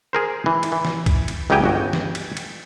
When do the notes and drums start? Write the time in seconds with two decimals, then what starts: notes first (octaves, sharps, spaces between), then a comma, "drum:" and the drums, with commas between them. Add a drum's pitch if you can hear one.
0.13 G#4 A#4 C5
0.46 E3
0.63 drum: cymbal
0.72 E3
0.85 drum: snare
1.06 drum: kick B1, cymbal
1.28 drum: cymbal
1.50 C#2 C#3 F#3 G4 G5 G#5
1.64 G1 F#4
1.93 drum: snare
2.15 drum: cymbal
2.37 drum: cymbal